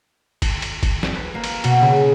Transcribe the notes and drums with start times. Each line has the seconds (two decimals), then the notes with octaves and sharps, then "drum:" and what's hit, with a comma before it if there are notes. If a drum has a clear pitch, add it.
0.42 drum: kick, cymbal
0.62 drum: cymbal
0.83 drum: kick, cymbal
1.03 drum: snare
1.14 B4
1.34 A#3
1.44 drum: cymbal
1.64 B2, drum: cymbal
1.81 C#3